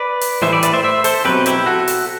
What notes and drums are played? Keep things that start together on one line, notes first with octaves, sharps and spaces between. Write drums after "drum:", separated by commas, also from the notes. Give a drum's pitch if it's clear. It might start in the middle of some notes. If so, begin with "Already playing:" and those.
Already playing: B4 D5
drum: open hi-hat
A2 E3 G3 C5 E5
B4 D5
B4 D5, drum: hi-hat
C5 E5
C5 E5
A4 C5, drum: open hi-hat
B2 F#3 C4 G4 B4
E4 G4, drum: hi-hat
F#4 A4
drum: open hi-hat